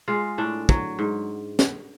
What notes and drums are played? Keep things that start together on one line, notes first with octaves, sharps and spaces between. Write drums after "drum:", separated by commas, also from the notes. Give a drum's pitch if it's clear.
G#3 F4
A2 D4
F#3, drum: kick
G#2
drum: snare